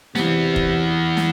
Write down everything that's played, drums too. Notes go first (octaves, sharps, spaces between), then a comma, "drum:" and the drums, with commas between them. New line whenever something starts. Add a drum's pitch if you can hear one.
C3 E3 B3, drum: snare
drum: kick E1
drum: snare